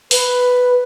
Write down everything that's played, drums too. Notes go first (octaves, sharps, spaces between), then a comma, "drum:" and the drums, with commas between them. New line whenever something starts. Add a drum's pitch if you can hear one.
B4, drum: open hi-hat